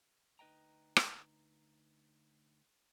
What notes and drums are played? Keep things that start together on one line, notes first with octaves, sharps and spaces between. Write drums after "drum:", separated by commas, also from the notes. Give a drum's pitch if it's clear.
D2 D#4 B4 D#5 G5 A#5
drum: rim click